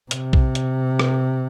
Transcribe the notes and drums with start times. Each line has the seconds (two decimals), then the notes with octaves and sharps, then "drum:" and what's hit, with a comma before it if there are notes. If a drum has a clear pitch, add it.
0.11 C3, drum: hi-hat
0.33 drum: kick B1
0.55 drum: hi-hat
0.99 drum: rim click